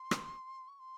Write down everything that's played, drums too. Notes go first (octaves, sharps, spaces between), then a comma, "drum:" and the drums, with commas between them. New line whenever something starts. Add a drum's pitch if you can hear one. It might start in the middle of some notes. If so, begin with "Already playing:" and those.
Already playing: C6
drum: rim click
C#6
C6